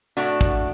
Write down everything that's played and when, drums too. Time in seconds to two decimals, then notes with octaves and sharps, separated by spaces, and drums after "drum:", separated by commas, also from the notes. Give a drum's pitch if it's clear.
0.17 A2 A3 D4 F#4
0.41 drum: kick